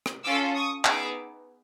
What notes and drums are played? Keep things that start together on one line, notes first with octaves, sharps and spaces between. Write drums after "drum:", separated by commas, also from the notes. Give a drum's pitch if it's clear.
drum: rim click
C#4 F4 A4 D6 E6
C#6 D#6
B3 D#4 G#4 D6 E6, drum: clap